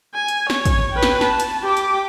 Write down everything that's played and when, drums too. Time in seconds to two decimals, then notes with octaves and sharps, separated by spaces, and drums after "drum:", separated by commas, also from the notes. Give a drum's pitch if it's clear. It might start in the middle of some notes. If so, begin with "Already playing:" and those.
0.14 G#5
0.28 drum: hi-hat
0.50 C#5, drum: snare
0.65 drum: kick, hi-hat
0.92 B4 G5
1.03 drum: snare
1.21 A5, drum: snare
1.40 drum: hi-hat
1.63 G4 D6
1.77 drum: hi-hat